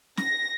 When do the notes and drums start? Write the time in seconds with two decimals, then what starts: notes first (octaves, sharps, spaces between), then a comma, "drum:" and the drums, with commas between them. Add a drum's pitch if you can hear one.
0.17 A#6, drum: snare